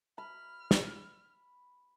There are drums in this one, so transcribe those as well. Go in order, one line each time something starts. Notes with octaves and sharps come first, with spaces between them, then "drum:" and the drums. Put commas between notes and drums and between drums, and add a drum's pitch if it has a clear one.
B5 F6
drum: snare